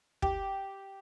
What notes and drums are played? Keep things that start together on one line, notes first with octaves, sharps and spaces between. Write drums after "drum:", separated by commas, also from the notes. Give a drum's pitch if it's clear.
G4, drum: kick